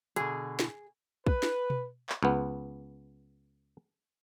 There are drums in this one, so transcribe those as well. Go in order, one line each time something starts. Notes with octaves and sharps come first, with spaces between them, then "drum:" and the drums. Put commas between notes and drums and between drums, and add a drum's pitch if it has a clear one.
B2 D3 G#4, drum: hi-hat
drum: snare
B4, drum: kick
drum: snare
drum: tom B2
drum: clap
C#2 B3